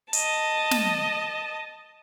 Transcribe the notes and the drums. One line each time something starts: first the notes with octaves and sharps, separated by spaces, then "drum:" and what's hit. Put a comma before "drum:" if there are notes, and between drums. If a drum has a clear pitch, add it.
D#5 A5, drum: hi-hat
drum: snare